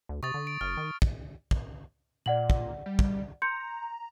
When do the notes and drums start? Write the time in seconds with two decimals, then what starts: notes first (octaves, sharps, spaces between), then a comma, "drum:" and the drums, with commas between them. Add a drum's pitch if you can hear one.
0.09 D2
0.23 C3 C#6 D#6 A6
0.34 D3
0.47 D7
0.61 F#1 F6
0.77 D#3
1.02 drum: kick
1.51 drum: kick
2.26 A#2 D5 F#5 F#7
2.50 drum: kick
2.86 G3
2.99 drum: kick
3.42 A#5 C6 G6 C#7